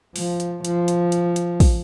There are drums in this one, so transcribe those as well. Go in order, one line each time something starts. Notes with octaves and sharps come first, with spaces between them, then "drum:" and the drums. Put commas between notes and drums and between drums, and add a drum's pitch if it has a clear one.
F3, drum: open hi-hat
drum: hi-hat
F3, drum: hi-hat
drum: hi-hat
drum: hi-hat
drum: hi-hat
drum: kick, open hi-hat